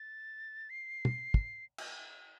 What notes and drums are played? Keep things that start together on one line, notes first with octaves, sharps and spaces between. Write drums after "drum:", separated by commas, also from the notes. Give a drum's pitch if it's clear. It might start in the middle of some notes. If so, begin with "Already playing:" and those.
Already playing: A6
C7
drum: tom
drum: kick
drum: cymbal